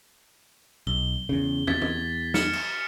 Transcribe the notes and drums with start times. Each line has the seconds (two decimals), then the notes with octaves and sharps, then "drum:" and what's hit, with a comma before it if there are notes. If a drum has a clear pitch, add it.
0.87 B1 G7
1.29 E2 C#3
1.67 E2 G#6 A6 B6, drum: tom
1.82 drum: tom
2.34 F6 C#7 E7, drum: snare
2.53 drum: cymbal